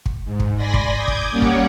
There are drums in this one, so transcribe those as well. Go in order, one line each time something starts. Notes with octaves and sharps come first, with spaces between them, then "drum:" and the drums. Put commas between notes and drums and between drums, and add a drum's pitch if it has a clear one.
drum: kick
G#2
drum: kick
D5 G#5 B5 C6 A#6
drum: kick
D6 D#6 G6 G#6
drum: kick
G3 A#3 C#4 C#5 D5 F#5
drum: kick